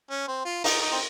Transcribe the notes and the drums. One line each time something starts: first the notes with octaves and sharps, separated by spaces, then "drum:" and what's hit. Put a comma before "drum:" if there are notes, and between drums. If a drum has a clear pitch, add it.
C#4
C4
F4
D#4, drum: open hi-hat
D#4
C4